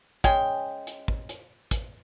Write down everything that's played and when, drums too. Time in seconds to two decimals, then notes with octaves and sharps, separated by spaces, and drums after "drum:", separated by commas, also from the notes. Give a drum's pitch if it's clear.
0.24 G#3 C#4 G5, drum: kick
0.87 drum: hi-hat
1.08 drum: kick
1.29 drum: hi-hat
1.71 drum: kick, hi-hat